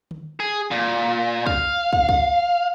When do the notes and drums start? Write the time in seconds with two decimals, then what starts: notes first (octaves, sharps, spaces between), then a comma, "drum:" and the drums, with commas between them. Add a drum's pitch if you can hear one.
0.11 drum: tom
0.40 G#4
0.71 A#2
1.46 F5, drum: kick
1.93 drum: kick
2.09 drum: kick